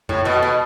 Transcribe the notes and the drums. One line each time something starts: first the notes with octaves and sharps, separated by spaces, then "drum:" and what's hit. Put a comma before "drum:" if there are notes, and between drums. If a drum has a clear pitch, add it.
A2, drum: tom F2
B2
B2